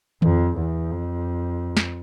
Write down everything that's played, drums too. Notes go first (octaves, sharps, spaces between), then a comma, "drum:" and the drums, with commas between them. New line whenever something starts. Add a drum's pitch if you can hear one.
F2, drum: tom D#3
E2
F2
drum: snare